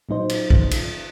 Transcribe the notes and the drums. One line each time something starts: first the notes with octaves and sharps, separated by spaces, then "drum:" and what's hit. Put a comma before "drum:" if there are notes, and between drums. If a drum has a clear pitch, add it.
A#2 F#3 D#4 C5
drum: cymbal
drum: kick
drum: cymbal